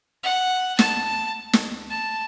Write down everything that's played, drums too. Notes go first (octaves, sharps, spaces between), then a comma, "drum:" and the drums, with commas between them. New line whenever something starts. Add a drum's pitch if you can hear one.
F#5
A5, drum: snare
drum: snare
A5